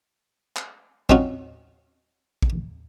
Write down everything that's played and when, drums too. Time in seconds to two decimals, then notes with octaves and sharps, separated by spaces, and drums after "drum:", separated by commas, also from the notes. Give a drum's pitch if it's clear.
0.56 drum: clap
1.09 C4 C#4 D#4 F4 F#4, drum: kick A1
2.42 drum: kick A1